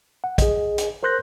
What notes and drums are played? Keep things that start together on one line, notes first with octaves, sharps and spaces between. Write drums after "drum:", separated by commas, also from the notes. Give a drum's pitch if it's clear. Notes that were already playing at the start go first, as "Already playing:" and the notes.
F#5
G#4 D#5, drum: kick, hi-hat
drum: hi-hat
A#4 C5 C6 F#6 G6 A#6